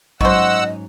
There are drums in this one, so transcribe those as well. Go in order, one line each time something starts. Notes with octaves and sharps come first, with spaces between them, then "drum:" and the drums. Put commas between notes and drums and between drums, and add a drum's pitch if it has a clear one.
G#2 F#3 C#4 F#4 C5 D#5 F#5 E6, drum: kick A1